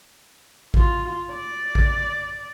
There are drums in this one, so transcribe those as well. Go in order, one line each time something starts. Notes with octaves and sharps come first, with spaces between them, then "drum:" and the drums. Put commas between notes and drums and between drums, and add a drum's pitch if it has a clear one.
F4, drum: kick A1
D5
drum: kick A1